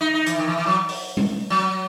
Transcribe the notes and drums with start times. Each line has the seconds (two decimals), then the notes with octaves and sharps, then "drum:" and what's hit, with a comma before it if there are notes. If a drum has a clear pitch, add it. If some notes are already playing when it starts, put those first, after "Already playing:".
0.01 D#4
0.14 D#4
0.26 E3, drum: hi-hat
0.38 D#3
0.47 E3
0.58 E3
0.66 F#3
0.89 drum: open hi-hat
1.17 drum: tom G3
1.50 F#3